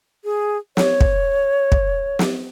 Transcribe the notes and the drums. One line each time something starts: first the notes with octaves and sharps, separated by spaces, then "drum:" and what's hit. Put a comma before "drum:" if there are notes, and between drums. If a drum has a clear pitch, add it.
G#4
C#5, drum: snare
drum: kick
drum: kick
drum: snare